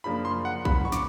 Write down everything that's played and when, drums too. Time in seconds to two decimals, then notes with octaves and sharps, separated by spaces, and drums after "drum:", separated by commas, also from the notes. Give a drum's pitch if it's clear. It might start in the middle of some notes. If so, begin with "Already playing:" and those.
0.04 F#2 C#3 F3 A#3 D4 B5
0.25 C6
0.45 F#5
0.65 B5, drum: kick B1
0.85 C#6
0.92 D6, drum: snare